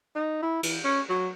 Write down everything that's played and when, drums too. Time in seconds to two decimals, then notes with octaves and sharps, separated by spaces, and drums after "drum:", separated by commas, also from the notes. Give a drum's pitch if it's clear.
0.15 D#4
0.42 E4
0.63 E3, drum: cymbal
0.84 C#4
1.09 F#3